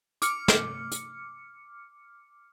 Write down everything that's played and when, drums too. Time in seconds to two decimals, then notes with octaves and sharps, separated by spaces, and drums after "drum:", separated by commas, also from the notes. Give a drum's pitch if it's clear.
0.22 D6 F6 C#7, drum: hi-hat
0.48 drum: snare
0.92 drum: hi-hat